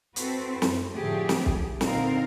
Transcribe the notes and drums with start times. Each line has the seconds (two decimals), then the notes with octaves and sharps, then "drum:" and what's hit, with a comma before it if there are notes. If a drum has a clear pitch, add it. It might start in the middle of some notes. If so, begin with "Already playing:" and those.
0.16 C4 E4 F#4 A4 B4 C5, drum: hi-hat
0.62 F#2, drum: snare
0.95 A2 D3 F3 A3 G4 G#4
1.29 drum: snare
1.46 drum: kick
1.81 A#2 D3 C4 D#4 A#4 F5, drum: snare